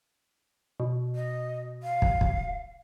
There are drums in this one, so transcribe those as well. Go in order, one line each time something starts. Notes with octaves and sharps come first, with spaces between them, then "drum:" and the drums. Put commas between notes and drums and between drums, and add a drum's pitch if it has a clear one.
B2
D#5
F5
drum: kick
drum: kick